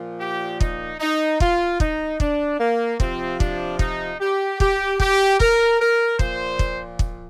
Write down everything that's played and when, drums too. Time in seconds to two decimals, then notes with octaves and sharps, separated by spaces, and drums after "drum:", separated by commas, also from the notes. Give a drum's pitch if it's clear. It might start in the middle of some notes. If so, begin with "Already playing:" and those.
Already playing: A#2 F3
0.20 G4
0.61 D#4, drum: kick
1.00 D#4
1.40 F4, drum: kick
1.80 D#4, drum: kick
2.20 D4, drum: kick
2.59 A#3
3.00 C3 F3 C4, drum: kick
3.40 D4, drum: kick
3.79 D#4, drum: kick
4.20 G4
4.60 G4, drum: kick
5.00 G4, drum: kick
5.40 A#4, drum: kick
5.80 A#4
6.19 A#2 F3 C5, drum: kick
6.59 drum: kick
6.99 drum: kick